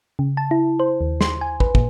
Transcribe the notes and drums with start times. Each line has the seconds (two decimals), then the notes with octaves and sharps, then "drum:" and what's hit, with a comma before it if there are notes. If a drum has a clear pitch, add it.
0.19 C#3
0.37 A5
0.51 E4
0.80 C5
1.01 D#2
1.21 C6, drum: snare
1.41 G#5
1.60 B4, drum: kick
1.75 A#2, drum: kick